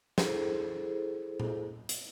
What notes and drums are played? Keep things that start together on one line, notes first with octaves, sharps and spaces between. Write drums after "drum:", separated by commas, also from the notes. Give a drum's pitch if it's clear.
E4 G#4 A4 C5, drum: snare
drum: tom A#2
drum: hi-hat